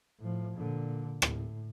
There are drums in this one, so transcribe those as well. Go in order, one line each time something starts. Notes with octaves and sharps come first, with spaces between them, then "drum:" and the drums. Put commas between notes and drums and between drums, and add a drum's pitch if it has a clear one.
A2 F3
A#2 D3
A2, drum: rim click